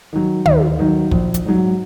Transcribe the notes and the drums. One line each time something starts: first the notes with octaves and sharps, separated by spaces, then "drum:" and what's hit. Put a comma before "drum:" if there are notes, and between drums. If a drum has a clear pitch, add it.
D#3 F#3
D#2, drum: tom
D#3 F#3
A#1, drum: kick
drum: hi-hat
G#2 F#3